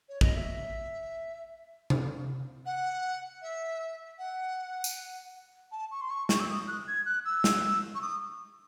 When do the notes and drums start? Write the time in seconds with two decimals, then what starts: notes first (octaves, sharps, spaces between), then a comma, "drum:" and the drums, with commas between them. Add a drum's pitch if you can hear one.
0.09 C#5
0.21 D#5, drum: kick
0.35 E5
1.90 drum: tom C3
2.65 F#5
3.42 E5
4.18 F#5
4.84 drum: tambourine
5.71 A5
5.91 C#6
6.01 C6
6.10 C#6
6.29 C#6, drum: snare
6.39 E6
6.48 D#6
6.67 F#6
6.87 G#6
7.05 F#6
7.25 E6
7.44 drum: snare
7.94 C#6
8.01 D#6